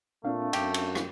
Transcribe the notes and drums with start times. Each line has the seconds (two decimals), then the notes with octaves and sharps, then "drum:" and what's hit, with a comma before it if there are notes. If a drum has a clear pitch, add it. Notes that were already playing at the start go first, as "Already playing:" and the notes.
0.25 A#2 A3 C4 D4 F5
0.53 F#2 G4, drum: cymbal
0.74 drum: cymbal
0.95 drum: rim click